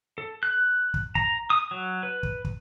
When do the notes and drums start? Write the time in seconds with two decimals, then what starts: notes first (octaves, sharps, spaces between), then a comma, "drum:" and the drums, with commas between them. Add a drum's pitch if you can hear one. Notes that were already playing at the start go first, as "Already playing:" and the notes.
0.18 A4
0.43 F#6
0.94 drum: kick
1.15 A#5, drum: kick
1.50 D#6
1.71 F#3
2.03 B4
2.23 drum: kick
2.45 drum: kick